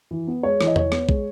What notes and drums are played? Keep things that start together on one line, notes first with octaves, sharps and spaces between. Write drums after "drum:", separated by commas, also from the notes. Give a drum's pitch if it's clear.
E3
B3
G#3 C#5
E3, drum: rim click
D#5
E3 C#5, drum: tom E2
B3, drum: rim click
G#3, drum: kick